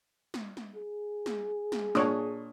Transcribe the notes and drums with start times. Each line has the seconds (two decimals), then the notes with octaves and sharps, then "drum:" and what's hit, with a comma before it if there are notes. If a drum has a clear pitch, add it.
0.34 drum: snare
0.57 drum: snare
0.76 G#4
1.26 drum: snare
1.72 drum: snare
1.95 A#2 D4 C#5 D#6, drum: snare